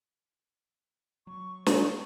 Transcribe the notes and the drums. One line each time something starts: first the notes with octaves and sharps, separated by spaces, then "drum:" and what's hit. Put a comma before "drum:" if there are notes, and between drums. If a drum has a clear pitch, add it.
F#3 C#6
C#5, drum: snare